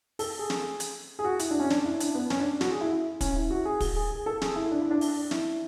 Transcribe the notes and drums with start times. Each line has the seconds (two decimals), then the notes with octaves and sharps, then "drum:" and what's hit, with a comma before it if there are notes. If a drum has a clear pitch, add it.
0.19 A4, drum: open hi-hat
0.39 G#4
0.50 drum: snare
0.80 drum: hi-hat
1.19 G#4
1.24 F#4
1.39 E4, drum: hi-hat
1.51 D4
1.60 C#4
1.70 D4, drum: snare
1.86 E4
2.00 D4, drum: hi-hat
2.15 B3
2.30 C#4, drum: snare
2.40 D4
2.61 F#4, drum: snare
2.71 G#4
2.81 E4
3.21 C#4, drum: kick, hi-hat
3.36 E4
3.51 F#4
3.65 G#4
3.80 G#4, drum: kick, open hi-hat
3.96 G#4
4.11 G#4
4.26 A4
4.41 G#4, drum: snare
4.56 E4
4.71 D4
4.81 E4
4.91 D4
5.01 drum: open hi-hat
5.31 E4, drum: snare